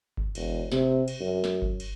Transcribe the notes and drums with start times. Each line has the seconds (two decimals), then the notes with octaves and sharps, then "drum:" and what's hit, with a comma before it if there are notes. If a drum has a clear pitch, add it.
0.17 drum: kick G1
0.35 E1, drum: cymbal
0.72 C3, drum: snare
1.08 drum: cymbal
1.20 F#2
1.44 drum: snare
1.62 drum: kick G1
1.80 drum: cymbal